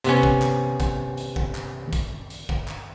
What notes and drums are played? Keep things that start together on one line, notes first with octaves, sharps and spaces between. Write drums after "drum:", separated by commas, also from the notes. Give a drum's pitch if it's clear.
C3 B3 C#4, drum: hi-hat
drum: kick
drum: clap
drum: kick, hi-hat
drum: hi-hat
drum: kick
drum: clap
drum: kick, hi-hat
drum: hi-hat
drum: kick
drum: clap